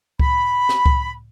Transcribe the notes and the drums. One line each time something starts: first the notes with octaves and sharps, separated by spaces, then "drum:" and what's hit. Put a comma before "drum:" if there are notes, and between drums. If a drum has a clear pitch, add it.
B5, drum: kick C#2
drum: snare
drum: kick C#2